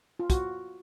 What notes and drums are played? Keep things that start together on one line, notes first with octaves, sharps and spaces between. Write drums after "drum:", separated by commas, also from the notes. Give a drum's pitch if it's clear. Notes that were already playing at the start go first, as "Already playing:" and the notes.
F4
F#4, drum: kick, hi-hat